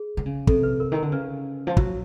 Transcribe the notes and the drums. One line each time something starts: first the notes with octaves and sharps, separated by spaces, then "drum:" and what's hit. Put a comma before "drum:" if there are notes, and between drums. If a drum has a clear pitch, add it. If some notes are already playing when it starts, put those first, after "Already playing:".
Already playing: G#4
D3
C#3
C3 A4, drum: kick
B4
A#4
D#3 A#4
D3
C#3 B4
F3
F#3, drum: kick